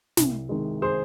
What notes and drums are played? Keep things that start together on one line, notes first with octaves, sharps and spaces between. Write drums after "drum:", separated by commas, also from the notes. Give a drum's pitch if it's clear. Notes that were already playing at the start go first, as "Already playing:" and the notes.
C2, drum: snare
C3 D#3 G#3
G#4 C5